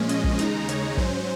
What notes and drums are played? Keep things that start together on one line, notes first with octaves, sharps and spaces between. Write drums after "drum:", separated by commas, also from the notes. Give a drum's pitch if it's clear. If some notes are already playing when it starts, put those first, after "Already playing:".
Already playing: A#2 F3 G#3 C#4
D#5, drum: hi-hat
drum: kick
D#2 C#3 G#3 D#4 A#5, drum: hi-hat
C#5, drum: hi-hat
G#2 F#3 C#4 C5, drum: kick